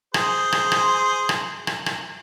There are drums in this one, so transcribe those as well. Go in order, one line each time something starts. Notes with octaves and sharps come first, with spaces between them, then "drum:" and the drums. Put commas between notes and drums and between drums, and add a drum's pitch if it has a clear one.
G#4 C5, drum: rim click
drum: rim click
drum: rim click
drum: rim click
drum: rim click
drum: rim click